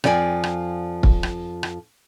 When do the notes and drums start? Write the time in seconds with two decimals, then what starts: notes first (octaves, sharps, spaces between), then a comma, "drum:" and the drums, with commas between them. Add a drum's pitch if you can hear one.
0.04 F2 F3 D5 G5 G#5, drum: rim click
0.44 drum: rim click
1.03 drum: kick
1.23 drum: rim click
1.63 drum: rim click